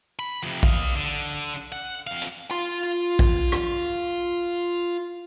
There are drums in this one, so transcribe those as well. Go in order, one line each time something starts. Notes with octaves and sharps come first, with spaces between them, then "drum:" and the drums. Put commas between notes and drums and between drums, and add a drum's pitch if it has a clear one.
B5
F2 C3
D#5 F5, drum: kick
D3
F#5
F2 F5
drum: hi-hat
F4 C6
drum: kick
drum: rim click